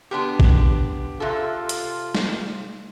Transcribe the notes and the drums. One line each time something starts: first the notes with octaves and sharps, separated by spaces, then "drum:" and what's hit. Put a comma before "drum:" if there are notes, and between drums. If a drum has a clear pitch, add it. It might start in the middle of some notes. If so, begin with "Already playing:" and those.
C3 B3 D4 G4
drum: kick G#1
C3 F4 A4
drum: hi-hat
drum: snare